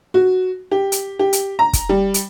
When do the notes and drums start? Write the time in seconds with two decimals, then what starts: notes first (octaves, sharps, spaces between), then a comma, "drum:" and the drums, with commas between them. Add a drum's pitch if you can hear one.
0.14 F#4
0.72 G4
0.92 drum: hi-hat
1.19 G4
1.33 drum: hi-hat
1.59 A#5
1.73 drum: kick, hi-hat
1.89 G3
2.14 drum: hi-hat